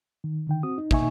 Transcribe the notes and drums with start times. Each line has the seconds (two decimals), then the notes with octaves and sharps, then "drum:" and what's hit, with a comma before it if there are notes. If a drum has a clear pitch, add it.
0.24 D#3
0.47 D3 D#3 G5
0.63 C4 F#4 D#6
0.78 D#4
0.91 B2 A#3 D#4 E5 G#5 C#6, drum: kick